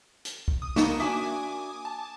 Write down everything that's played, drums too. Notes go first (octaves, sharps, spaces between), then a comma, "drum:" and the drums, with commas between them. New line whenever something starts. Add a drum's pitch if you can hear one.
drum: hi-hat
drum: kick
D#6
A#3 B3 D#4 A5 C#6 E7, drum: snare
D4 F#4 E5 G#5 D6 D#6
A5